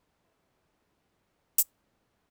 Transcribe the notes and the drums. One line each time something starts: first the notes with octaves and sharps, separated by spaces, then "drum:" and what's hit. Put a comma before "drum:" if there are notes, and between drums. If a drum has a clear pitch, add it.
F#3 E4 A4 E5 C6
drum: hi-hat